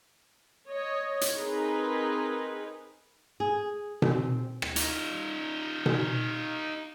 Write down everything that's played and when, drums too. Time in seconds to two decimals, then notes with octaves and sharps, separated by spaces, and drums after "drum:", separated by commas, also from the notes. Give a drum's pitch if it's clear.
0.68 C#5 D#5
1.21 drum: hi-hat
1.36 C4 D#4 G#4 A#4 B4
3.40 G#4
4.02 C4, drum: tom B2
4.62 drum: rim click
4.76 D#4 F4, drum: hi-hat
5.86 drum: tom B2